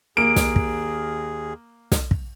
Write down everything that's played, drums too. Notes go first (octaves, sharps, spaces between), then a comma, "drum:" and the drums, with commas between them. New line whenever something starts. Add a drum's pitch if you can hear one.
D#2 A#3 G#4 D7
drum: snare
drum: kick
drum: snare
drum: kick